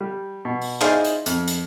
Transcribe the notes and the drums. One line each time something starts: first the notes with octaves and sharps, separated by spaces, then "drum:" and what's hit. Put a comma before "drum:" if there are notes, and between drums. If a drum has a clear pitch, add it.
G3
B2
drum: open hi-hat
D#4 E4 G#4 C5 D5 F5, drum: clap
drum: hi-hat
F2, drum: hi-hat
drum: hi-hat